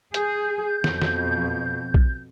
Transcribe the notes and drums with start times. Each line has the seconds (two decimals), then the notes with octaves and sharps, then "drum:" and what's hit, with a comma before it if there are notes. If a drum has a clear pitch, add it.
0.14 G#4 G6, drum: hi-hat
0.84 F2 B2, drum: snare
1.02 drum: snare
1.94 drum: kick